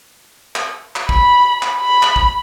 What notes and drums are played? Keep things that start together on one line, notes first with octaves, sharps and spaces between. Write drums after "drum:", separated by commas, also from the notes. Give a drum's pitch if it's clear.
drum: clap
drum: clap
B5, drum: kick
drum: clap
B5
drum: clap
drum: kick